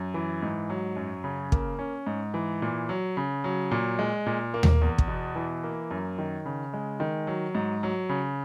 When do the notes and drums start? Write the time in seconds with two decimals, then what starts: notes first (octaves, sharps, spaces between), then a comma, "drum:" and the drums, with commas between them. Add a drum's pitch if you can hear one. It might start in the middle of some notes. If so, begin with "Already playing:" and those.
Already playing: F#2
0.14 E3
0.42 G#2
0.70 F#3
0.97 F#2
1.24 C#3
1.52 A#3, drum: kick
1.79 C#4
2.07 G#2
2.34 E3
2.62 A#2
2.89 F#3
3.17 C#3
3.44 F#3
3.71 A#2
3.99 G#3
4.26 A#2
4.54 A#3
4.63 drum: tom D#2
4.82 E2
4.98 drum: kick
5.08 B2
5.35 E3
5.64 A#3
5.91 F#2
6.18 D#3
6.46 C#3
6.73 G#3
7.00 D#3
7.27 F#3
7.55 G#2
7.83 F#3
8.09 C#3